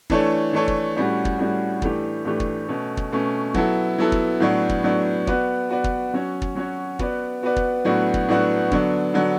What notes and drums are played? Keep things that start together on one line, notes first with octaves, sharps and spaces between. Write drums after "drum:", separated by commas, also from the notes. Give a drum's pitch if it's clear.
E3 A3 D4 A4 C#5, drum: kick
E3 A3 D4 A4 C#5
drum: kick
A2 G3 C#4 F#4
drum: kick
A2 G3 C#4 F#4
A2 E3 A3 D4 G4, drum: kick
A2 E3 A3 D4 G4
drum: kick
B2 A3 C#4
drum: kick
B2 A3 C#4
F#3 B3 E4 A4, drum: kick
F#3 B3 E4 A4
drum: kick
A2 F#3 B3 D4
drum: kick
A2 F#3 B3 D4
B3 F#4 B4 D5, drum: kick
B3 F#4 B4 D5
drum: kick
F#3 C#4 F#4 C#5
drum: kick
F#3 C#4 F#4 C#5
B3 F#4 B4 D5, drum: kick
B3 F#4 B4 D5
drum: kick
A2 F#3 B3 D4 F#4
drum: kick
A2 F#3 B3 D4 F#4
D3 F#3 B3 D4, drum: kick
D3 F#3 B3 D4